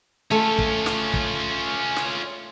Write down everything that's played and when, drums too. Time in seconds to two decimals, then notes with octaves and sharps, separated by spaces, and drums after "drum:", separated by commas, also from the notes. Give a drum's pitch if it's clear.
0.31 A3 C#4 F4
0.59 drum: kick
0.86 drum: snare
1.14 drum: kick
1.96 drum: snare